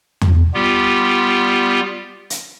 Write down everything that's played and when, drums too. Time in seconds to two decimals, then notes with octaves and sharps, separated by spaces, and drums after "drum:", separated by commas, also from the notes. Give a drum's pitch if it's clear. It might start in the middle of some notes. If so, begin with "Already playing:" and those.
0.21 drum: tom E2
0.54 G3 B3 F4 G4
2.30 drum: hi-hat